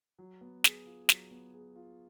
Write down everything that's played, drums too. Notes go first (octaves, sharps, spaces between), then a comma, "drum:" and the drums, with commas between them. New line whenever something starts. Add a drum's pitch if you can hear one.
F#3
B3
G#4, drum: snare
F4
F#3, drum: snare
B3
G#4
F4